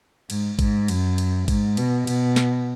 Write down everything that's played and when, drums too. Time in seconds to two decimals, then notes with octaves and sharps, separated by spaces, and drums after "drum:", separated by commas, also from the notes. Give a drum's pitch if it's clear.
0.30 G#2, drum: cymbal
0.59 G#2, drum: kick A1, cymbal
0.88 F#2, drum: cymbal
1.18 drum: cymbal
1.48 G#2, drum: kick A1, cymbal
1.77 B2, drum: cymbal
2.07 B2, drum: cymbal
2.36 drum: snare